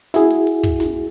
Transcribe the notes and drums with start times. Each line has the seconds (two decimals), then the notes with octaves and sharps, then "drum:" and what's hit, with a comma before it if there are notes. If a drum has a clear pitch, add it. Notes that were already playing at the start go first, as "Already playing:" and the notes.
0.14 E4 F#4 G#4, drum: snare
0.30 drum: hi-hat
0.47 drum: open hi-hat
0.63 drum: kick, hi-hat
0.80 drum: snare